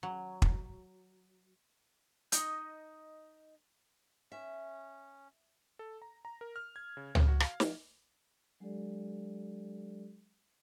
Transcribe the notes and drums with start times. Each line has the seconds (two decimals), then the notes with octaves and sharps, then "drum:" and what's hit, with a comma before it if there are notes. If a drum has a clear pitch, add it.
0.03 F#3
0.42 drum: kick
2.32 D#4 D#5 G6, drum: hi-hat
4.32 C#4 E5
5.79 A4
6.02 A#5
6.25 A#5
6.41 A#4
6.56 F6
6.76 G#6
6.97 C#3
7.15 C#3, drum: tom C#2
7.28 F#4
7.40 F5, drum: rim click
7.60 F3, drum: snare
8.60 F#3 G#3 D4 G4 A4 D5